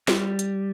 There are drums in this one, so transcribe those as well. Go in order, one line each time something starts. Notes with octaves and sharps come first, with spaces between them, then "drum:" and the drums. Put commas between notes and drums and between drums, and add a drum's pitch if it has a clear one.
G3, drum: snare
drum: hi-hat